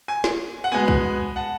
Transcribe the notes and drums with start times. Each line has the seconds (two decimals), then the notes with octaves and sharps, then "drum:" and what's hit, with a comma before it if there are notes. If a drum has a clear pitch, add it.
0.08 G#5
0.24 drum: snare
0.64 F#5
0.72 B2 G#3 B3 G#5
0.88 drum: kick C2
1.36 F#5 A5